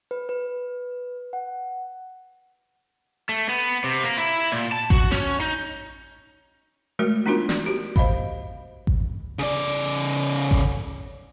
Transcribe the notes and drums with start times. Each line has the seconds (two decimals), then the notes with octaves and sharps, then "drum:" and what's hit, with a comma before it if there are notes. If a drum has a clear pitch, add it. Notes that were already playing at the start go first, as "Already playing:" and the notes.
0.11 B4
0.29 B4
1.33 F#5
3.29 A3
3.49 B3
3.84 C3
4.04 A#3
4.17 E4
4.52 A#2
4.72 A5
4.90 F#4, drum: kick A1
5.12 C#4, drum: snare
5.41 D#4
6.99 F#3 G#3 A3 F#4 A#4
7.26 B3 D4 D#4 F4 F#4 A#4
7.49 D5, drum: snare
7.66 F#4 G4
7.96 C5 D#5 F5 B5, drum: kick A1
8.87 drum: kick A1
9.39 C#3 D5
10.51 drum: kick A1